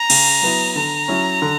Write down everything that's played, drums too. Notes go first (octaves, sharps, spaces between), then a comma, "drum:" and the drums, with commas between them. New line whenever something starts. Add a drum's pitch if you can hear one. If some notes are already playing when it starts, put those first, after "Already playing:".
Already playing: A#5
C#3, drum: cymbal
F#3 B3 E4
D3 A#5
F#3 C#4 E4
D3